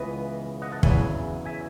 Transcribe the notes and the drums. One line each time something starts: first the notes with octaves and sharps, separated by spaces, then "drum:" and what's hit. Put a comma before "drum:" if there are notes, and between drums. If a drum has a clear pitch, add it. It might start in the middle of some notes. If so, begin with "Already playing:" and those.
Already playing: C#2 C#3 E3 B3 B4 D#5
D#5 F#5
F#5 A5
E2 C#3 F#3 E5 G#5, drum: kick
E5 G#5